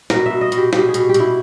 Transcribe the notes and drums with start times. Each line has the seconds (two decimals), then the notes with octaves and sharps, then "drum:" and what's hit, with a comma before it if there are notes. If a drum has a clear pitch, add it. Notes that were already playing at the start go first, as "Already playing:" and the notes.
0.10 B2 A#4, drum: snare
0.26 B2 E5
0.41 D#5
0.52 B2, drum: hi-hat
0.57 G4
0.73 B2 G4, drum: snare
0.89 G#4
0.94 B2, drum: hi-hat
1.09 G4
1.14 B2, drum: hi-hat
1.20 E4